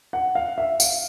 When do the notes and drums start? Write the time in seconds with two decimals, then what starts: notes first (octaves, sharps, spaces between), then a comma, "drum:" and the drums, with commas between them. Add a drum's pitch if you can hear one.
0.13 F#5
0.35 F5
0.58 E5
0.80 F5, drum: tambourine